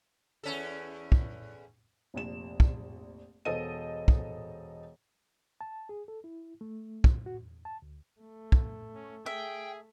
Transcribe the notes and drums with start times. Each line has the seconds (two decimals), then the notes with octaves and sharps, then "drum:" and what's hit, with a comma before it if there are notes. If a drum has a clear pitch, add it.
0.43 E2 C#4 A4
1.12 drum: kick
2.14 F1 A#1 E7
2.60 drum: kick
3.45 E1 A4 C5 D#5 D#7
4.08 drum: kick
5.61 A5
5.89 G#4
6.08 A4
6.24 E4
6.61 A3
7.04 drum: kick
7.26 F#4
7.40 E2
7.65 A5
7.82 D2
8.21 A3
8.52 drum: kick
8.95 C#4
9.26 G#4 E5 G5